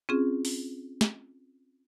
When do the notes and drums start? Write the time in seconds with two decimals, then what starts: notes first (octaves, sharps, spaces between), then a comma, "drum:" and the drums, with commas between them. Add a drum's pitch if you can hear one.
0.09 C4 C#4 F4 G#4
0.45 drum: open hi-hat
1.01 drum: snare